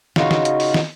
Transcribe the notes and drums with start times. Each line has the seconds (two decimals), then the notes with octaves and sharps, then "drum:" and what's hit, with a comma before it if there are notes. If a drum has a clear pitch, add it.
0.16 C#3 D#4 F4 F#4, drum: snare
0.31 drum: snare
0.45 drum: hi-hat
0.60 drum: open hi-hat
0.74 drum: snare